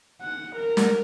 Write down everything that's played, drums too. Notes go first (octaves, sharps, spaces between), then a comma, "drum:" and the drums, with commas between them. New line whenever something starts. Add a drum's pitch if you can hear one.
F#5
A#4
drum: snare